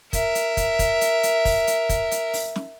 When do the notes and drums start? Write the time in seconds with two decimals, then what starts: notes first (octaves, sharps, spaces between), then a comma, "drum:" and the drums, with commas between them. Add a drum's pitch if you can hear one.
0.13 A#4 E5, drum: kick, hi-hat
0.35 drum: hi-hat
0.57 drum: kick, hi-hat
0.79 drum: kick, hi-hat
1.01 drum: hi-hat
1.23 drum: hi-hat
1.45 drum: kick, open hi-hat
1.67 drum: hi-hat
1.89 drum: kick, hi-hat
2.11 drum: hi-hat
2.33 drum: open hi-hat
2.56 drum: snare